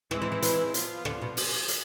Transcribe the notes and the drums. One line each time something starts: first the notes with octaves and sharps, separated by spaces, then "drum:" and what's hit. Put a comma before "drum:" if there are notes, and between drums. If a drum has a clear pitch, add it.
E3 G#3 C4 E4, drum: rim click
E3
E3
E3, drum: hi-hat
F3 B3 F4, drum: hi-hat
D3, drum: rim click
B2
drum: open hi-hat
drum: hi-hat